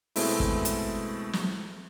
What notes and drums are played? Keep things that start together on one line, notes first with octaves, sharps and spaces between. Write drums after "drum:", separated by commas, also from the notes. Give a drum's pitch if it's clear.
B2 G#3 A3 C4 E4, drum: open hi-hat
drum: kick
drum: hi-hat
drum: snare